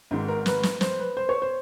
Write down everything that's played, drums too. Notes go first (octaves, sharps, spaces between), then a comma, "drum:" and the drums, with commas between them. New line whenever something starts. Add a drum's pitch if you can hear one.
G#1 G#2 D#3
A#4
B4, drum: snare
drum: snare
C5, drum: snare
B4
C5
C#5
C5